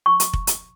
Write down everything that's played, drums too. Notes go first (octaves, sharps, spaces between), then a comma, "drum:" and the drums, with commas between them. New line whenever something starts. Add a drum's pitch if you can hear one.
C#6
drum: hi-hat
drum: kick F1
drum: hi-hat